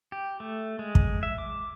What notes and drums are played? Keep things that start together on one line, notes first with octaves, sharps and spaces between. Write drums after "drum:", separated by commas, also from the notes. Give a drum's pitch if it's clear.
G4
A3
G#3
drum: kick
E5
D6